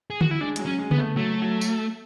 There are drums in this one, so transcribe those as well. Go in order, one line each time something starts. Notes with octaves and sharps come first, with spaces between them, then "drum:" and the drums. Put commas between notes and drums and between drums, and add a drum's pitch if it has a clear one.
G#4
F#4, drum: tom D3
E4
G#3 D4
G#3, drum: hi-hat
F#3
C#4
G#3
B3, drum: tom C#3
A3
F#3 A3
F#3
drum: tambourine